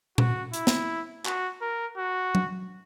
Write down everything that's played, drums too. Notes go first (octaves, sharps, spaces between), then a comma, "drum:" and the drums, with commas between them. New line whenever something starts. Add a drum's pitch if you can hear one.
F#4, drum: tom A#2
E4, drum: hi-hat
drum: snare
F#4, drum: clap
A#4
F#4
drum: tom F#3